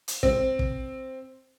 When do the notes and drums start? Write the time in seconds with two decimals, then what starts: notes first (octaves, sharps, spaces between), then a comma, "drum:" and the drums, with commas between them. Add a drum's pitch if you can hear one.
0.08 drum: hi-hat
0.23 C4, drum: kick
0.59 drum: kick